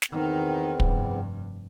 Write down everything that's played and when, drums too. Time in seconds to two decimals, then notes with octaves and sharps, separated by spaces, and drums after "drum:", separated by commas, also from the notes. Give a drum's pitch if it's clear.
0.02 drum: snare
0.11 E2 D#3 B3 C4 D#4
0.80 F1 G2, drum: kick